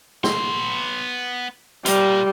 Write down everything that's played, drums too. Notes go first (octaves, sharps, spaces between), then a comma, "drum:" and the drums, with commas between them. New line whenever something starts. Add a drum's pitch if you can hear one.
B3 C6, drum: snare
G3 F4 A#4, drum: hi-hat